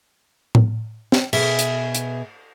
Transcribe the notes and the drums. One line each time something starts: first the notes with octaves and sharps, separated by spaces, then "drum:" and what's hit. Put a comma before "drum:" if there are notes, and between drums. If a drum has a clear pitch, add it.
drum: tom A2
drum: snare
B2 G#4 E5, drum: cymbal
drum: hi-hat
drum: hi-hat